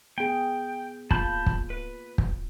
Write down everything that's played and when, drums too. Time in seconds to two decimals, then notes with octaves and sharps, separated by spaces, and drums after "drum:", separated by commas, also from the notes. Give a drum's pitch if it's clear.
0.18 B3 G#4 G5
1.11 A#3 F4 A5 B5 G6, drum: kick
1.46 drum: kick
1.70 B4
2.18 drum: kick